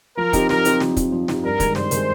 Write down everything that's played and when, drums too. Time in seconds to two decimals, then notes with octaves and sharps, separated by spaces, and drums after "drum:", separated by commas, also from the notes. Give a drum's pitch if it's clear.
0.17 F3 A#4
0.33 C4 D#4 G4, drum: kick, hi-hat
0.49 F3 A#4, drum: snare
0.65 C4 D#4 G4, drum: hi-hat
0.80 F3, drum: snare
0.97 C4 D#4 G4, drum: kick, hi-hat
1.12 F3
1.28 C4 D#4 G4, drum: snare
1.44 G2 A#4
1.60 D#3 G#3, drum: kick, hi-hat
1.75 G2 C5, drum: snare
1.91 D#3 G#3, drum: hi-hat